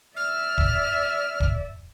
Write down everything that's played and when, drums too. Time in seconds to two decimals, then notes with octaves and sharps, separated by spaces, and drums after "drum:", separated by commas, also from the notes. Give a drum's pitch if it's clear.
0.16 D5 E5 F6
0.58 drum: kick
1.40 drum: kick